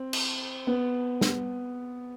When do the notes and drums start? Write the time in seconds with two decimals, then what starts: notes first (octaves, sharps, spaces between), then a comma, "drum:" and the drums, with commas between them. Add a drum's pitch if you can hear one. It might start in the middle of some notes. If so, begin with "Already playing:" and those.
Already playing: C4
0.13 drum: cymbal
0.67 B3
1.21 drum: snare